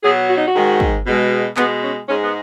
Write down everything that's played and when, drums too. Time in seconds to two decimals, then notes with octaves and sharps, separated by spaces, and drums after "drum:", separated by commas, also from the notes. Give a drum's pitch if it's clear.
0.03 B2 F#3 G#4
0.29 F#4
0.37 D#4
0.46 F#4
0.54 G#2 D#3 G#3
0.80 drum: kick
1.05 B2 G#3
1.57 B2 G#3 B3, drum: clap
1.83 C#4
2.08 G#2 G#3 C#4
2.22 B3